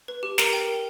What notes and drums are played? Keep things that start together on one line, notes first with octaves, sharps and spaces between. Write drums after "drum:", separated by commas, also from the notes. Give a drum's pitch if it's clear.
B4
G4
A#4 A#5, drum: snare
G5
A#4